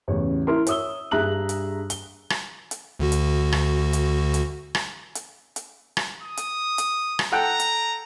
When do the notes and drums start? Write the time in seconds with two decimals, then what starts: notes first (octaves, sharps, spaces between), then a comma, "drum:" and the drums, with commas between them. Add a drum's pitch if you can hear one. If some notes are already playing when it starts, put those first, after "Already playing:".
0.08 A1 E2 C#3 C#5
0.47 E4 A#4 E5 C6
0.67 C#5 E5 D#6 E6 G7, drum: hi-hat
1.11 G2 G#4 E5 A#5 F#6 F#7
1.49 drum: hi-hat
1.90 G7, drum: hi-hat
2.30 drum: rim click
2.71 drum: hi-hat
2.99 D2 D3 F#4
3.12 drum: hi-hat
3.52 drum: rim click
3.93 drum: hi-hat
4.34 drum: hi-hat
4.75 drum: rim click
5.15 drum: hi-hat
5.56 drum: hi-hat
5.97 drum: rim click
6.23 D#6
6.37 drum: hi-hat
6.78 drum: hi-hat
7.19 drum: rim click
7.32 A4 F#5 G5 A#5
7.60 drum: hi-hat